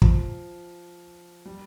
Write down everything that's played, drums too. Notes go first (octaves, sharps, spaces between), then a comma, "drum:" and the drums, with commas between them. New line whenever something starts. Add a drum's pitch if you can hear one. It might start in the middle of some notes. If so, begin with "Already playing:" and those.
F3, drum: kick
G3